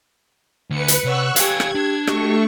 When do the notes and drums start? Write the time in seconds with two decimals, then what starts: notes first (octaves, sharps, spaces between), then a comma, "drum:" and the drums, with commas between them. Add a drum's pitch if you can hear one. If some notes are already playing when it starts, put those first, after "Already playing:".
0.70 D2 B4 C#7
0.88 drum: hi-hat
1.04 C3 C#5 F#5 C#6 E6 F#6
1.36 G#3 G4 F5 G#5 G#6, drum: hi-hat
1.60 drum: rim click
1.75 D4
2.07 A3 F#4 G4 D#5 C#6, drum: rim click